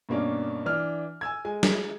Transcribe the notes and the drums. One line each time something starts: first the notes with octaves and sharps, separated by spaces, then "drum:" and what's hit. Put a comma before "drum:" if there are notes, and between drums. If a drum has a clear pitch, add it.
G2 B2 A#3 C#4 D4
E3 D4 F6
G#5 E6 G#6
G#3 G#5
drum: snare